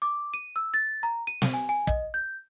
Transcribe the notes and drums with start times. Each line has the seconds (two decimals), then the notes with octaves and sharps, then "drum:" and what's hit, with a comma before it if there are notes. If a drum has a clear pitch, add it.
0.02 D6
0.34 D#7
0.56 E6
0.74 A6
1.03 A#5
1.27 D#7
1.42 drum: snare
1.54 G#5
1.69 G#5
1.87 D#5, drum: kick
2.14 G6